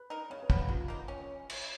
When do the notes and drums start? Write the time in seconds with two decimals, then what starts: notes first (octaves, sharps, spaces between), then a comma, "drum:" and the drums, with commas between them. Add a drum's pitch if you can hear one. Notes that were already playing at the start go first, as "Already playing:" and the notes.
Already playing: B4
0.10 D#4 A#4
0.30 C#3 C#5
0.43 B4
0.50 F3 B3, drum: kick
0.56 B4
0.69 F#3 F4
0.88 A#3 D#4
1.08 C#4
1.50 drum: cymbal